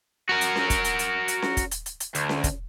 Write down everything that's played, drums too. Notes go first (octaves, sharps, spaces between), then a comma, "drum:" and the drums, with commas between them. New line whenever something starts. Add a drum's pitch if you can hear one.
F#4 A#4
drum: hi-hat
drum: snare C#4
drum: kick, hi-hat
drum: hi-hat
drum: hi-hat
drum: hi-hat
drum: snare C#4
drum: kick, hi-hat
drum: hi-hat
drum: hi-hat
drum: hi-hat
D2, drum: hi-hat
drum: snare C#4
drum: kick, hi-hat